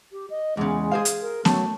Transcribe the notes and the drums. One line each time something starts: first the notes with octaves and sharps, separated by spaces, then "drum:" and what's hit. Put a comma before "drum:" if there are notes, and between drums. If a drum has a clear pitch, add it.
G4
D#5
E2 C#3 G#3
G#4 C5 F5
drum: hi-hat
A#4
F#3 A3, drum: snare B3